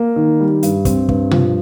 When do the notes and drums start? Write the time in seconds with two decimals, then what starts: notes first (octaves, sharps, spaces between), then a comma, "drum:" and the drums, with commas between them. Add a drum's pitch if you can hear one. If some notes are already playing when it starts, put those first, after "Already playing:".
Already playing: A#3
0.16 D#3
0.40 G3
0.63 G2, drum: hi-hat
0.85 C4, drum: kick, hi-hat
1.09 G2, drum: kick
1.31 F3, drum: tom B2